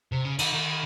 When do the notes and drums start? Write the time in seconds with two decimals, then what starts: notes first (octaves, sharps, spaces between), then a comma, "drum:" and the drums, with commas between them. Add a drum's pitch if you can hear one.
0.12 C3
0.25 C#3
0.39 D#3, drum: cymbal
0.53 D#3